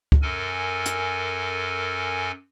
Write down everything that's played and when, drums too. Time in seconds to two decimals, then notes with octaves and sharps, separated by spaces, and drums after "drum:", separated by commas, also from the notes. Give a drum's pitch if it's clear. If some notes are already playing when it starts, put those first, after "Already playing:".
0.12 drum: kick C#2
0.22 F#2 A4 A#4 G#5
0.86 drum: hi-hat